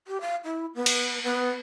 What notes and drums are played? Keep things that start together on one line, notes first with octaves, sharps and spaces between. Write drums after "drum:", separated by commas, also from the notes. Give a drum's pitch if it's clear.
G4
F5
E4
B3
drum: cymbal
B3